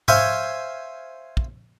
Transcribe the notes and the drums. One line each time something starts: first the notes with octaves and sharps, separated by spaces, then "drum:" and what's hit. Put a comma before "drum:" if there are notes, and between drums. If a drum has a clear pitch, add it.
C5 C#5 E5 F5 G#5, drum: tom G#2
drum: kick